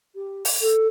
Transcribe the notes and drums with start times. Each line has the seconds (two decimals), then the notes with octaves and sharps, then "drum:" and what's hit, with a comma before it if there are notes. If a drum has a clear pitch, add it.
0.15 G4
0.45 drum: open hi-hat
0.61 A4